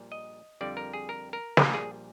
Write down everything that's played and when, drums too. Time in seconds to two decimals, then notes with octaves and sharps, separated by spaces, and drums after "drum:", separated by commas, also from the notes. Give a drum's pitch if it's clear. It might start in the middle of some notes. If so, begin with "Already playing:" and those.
Already playing: A#1 A#2 G3
0.12 D#5
0.61 F2 D3 G3 D5
0.77 A#4
0.93 G#4
1.09 A#4
1.33 A#4
1.57 A#1 A#2 G3 G#4, drum: snare
1.74 G#4